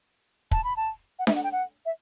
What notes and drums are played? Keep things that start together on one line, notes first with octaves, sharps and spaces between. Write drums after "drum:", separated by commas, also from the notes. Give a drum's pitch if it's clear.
A5, drum: kick
B5
A5
F#5
E5, drum: snare D4
F#5
G5
F#5
E5